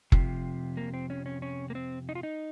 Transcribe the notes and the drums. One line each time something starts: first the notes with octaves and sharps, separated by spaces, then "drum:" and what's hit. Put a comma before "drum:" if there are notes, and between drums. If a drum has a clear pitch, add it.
F2 C3 F3, drum: kick F#1
A#3
C4
C#4
C#4
C#4
A#3
C4
D#4
F4
D#4